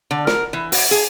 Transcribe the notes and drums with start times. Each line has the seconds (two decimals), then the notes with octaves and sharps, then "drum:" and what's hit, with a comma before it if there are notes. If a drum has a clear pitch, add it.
0.11 D3
0.27 A#4, drum: snare
0.53 E3
0.72 F#4, drum: open hi-hat
0.91 G#4